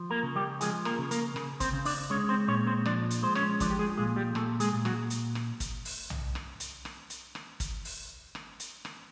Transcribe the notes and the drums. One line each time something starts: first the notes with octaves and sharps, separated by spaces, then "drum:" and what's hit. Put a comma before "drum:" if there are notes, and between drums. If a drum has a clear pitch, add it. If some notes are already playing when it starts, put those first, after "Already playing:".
Already playing: F3
A#3 A#4
C#3
G3 G4
F3 G#3 G#4, drum: hi-hat
A#3 A#4, drum: rim click
C#3
A#3 A#4, drum: hi-hat
C#3, drum: rim click
C4 C5, drum: kick, hi-hat
C#3
D4 D5, drum: open hi-hat
G#3 C#4 C#5
C4 C5
A#2 C#4 C#5
C4 C5
F3 D4 D5, drum: rim click
drum: hi-hat
G#3 C5
C#4 C#5, drum: rim click
F3 D4 D5, drum: kick, hi-hat
G4
G#3 G#4
A#2 G#3 G#4
G3 G4
A#2 A3 A4, drum: rim click
G#3 G#4, drum: hi-hat
A#2
F#3 F#4, drum: rim click
drum: hi-hat
drum: rim click
drum: kick, hi-hat
drum: open hi-hat
drum: tom B1
drum: rim click
drum: hi-hat
drum: rim click
drum: hi-hat
drum: rim click
drum: kick, hi-hat
drum: open hi-hat
drum: rim click
drum: hi-hat
drum: rim click